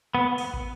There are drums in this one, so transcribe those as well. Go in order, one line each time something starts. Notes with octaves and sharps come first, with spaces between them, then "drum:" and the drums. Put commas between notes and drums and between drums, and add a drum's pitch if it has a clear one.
B3
drum: open hi-hat
drum: kick